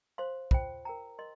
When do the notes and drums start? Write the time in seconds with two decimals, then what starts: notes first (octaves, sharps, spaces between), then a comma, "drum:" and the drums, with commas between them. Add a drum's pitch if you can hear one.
0.18 C5 F5 C6
0.51 F4 C5 G5, drum: kick
0.85 A#4 G5 A#5
1.19 A#4 D#5 C6